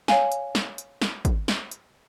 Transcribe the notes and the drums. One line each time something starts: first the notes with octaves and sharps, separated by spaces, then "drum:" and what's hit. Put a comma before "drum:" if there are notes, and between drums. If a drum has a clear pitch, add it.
C#5 F5 G#5, drum: snare
drum: hi-hat
drum: snare
drum: hi-hat
drum: snare
drum: kick, hi-hat
drum: snare
drum: hi-hat